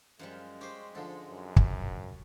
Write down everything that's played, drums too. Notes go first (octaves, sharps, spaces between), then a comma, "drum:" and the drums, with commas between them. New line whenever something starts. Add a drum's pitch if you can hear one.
F#2 F3 G3 G#3
C#4 G4 C5
G#2 D3 F3 A4
F#2
drum: kick